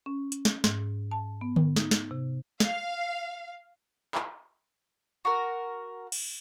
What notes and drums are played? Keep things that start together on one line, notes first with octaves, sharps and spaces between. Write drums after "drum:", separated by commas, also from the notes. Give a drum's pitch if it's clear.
C#4
drum: hi-hat
drum: snare
G#2, drum: snare
A5
B3
drum: tom D3
D#4, drum: snare
drum: snare
C3
F5, drum: snare
drum: clap
F#4 A#4
drum: cymbal